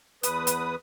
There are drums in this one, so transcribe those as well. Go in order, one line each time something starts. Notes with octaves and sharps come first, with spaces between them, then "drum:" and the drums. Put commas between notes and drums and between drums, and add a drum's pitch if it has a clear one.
E2 B4 D#6, drum: hi-hat
drum: hi-hat